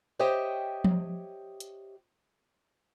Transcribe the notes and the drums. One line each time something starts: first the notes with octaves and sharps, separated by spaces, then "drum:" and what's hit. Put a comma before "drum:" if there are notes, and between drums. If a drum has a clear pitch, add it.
G4 C5 C#5 D#5 E5 G5
drum: tom F3
drum: hi-hat